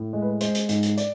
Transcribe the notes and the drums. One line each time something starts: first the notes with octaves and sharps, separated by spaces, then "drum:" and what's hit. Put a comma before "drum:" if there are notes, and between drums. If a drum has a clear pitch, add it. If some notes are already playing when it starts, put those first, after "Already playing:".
Already playing: A2
G#3
B4
G#3 C5, drum: hi-hat
drum: hi-hat
G#2, drum: hi-hat
drum: hi-hat
D5, drum: hi-hat